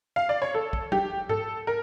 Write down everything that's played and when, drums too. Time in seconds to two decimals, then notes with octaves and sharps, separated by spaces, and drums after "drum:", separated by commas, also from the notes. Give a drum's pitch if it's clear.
0.16 F5
0.29 D5
0.42 C#5
0.54 A4
0.73 drum: kick
0.92 G4, drum: tom
1.29 A4, drum: tom G#2
1.67 A#4